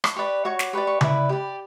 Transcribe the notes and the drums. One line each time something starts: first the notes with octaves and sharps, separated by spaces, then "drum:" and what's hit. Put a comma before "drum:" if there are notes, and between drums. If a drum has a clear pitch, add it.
drum: rim click
G4 B4 D5 C#6
F#4 C#5 C#6
D6, drum: snare
G4 B4 D5 C#6
C#6
E4 B4 D5 B5, drum: tom C#3
G4 D5